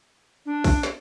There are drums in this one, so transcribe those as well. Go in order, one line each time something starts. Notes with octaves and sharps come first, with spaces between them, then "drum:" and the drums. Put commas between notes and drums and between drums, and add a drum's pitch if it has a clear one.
D4
drum: kick, open hi-hat
drum: snare